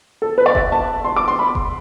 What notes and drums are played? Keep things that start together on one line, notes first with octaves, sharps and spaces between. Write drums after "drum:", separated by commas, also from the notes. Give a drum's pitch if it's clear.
A4
B4
D5
E5, drum: kick F1
A5
C6
D6
C6
B5
drum: kick F1